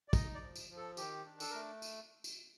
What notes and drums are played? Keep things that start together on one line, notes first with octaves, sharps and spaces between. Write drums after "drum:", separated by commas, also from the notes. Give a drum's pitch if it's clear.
D5
D#4 D#5, drum: kick, tambourine
D5
F3
drum: tambourine
F3
A4
D#3 G4, drum: tambourine
D4
A4, drum: tambourine
A3 A#4
drum: tambourine
drum: tambourine